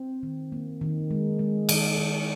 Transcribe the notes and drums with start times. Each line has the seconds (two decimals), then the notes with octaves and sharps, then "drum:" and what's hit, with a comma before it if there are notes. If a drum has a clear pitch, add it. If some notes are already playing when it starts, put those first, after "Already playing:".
Already playing: C4
0.23 D#3
0.52 A#3
0.81 D#3
1.11 G#3
1.39 G#3
1.69 D#3, drum: cymbal
1.98 D#3